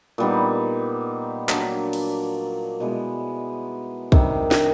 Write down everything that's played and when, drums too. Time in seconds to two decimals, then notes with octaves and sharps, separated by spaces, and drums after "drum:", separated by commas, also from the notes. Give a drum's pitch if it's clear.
0.18 A#2 G3 B3 D#4
1.49 F#3 A#3 D4, drum: clap
1.93 drum: cymbal
2.80 B2 G#3 B3 E4
4.12 C3 D#3 G3, drum: kick B1
4.51 drum: snare